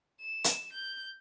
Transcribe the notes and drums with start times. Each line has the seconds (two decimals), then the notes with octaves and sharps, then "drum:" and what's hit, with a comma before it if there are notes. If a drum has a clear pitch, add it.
0.20 E7
0.44 drum: hi-hat
0.72 G6